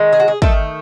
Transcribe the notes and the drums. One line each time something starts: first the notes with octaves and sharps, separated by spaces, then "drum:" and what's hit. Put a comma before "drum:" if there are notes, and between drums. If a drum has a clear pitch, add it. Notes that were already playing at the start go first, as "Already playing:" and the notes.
Already playing: D#3 G#3
G#4
F#4
G#4
D#3 A3 A4, drum: kick